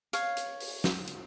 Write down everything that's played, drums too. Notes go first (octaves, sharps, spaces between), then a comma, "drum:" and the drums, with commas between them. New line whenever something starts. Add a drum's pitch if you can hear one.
C#5 F5, drum: hi-hat
drum: hi-hat
drum: open hi-hat
drum: snare
drum: hi-hat